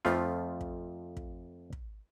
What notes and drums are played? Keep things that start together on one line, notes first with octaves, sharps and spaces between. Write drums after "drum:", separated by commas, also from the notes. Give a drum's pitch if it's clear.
F2 F3 A3 F4, drum: snare
drum: kick
drum: kick
drum: kick